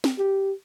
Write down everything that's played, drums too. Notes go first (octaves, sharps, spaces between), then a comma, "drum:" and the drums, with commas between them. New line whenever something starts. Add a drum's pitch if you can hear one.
drum: snare
G4